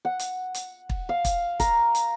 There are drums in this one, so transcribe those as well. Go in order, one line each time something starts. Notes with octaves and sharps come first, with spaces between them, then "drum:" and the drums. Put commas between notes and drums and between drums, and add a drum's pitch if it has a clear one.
F#5
drum: hi-hat
drum: hi-hat
drum: kick
F5
drum: kick, hi-hat
A#4, drum: kick, hi-hat
drum: hi-hat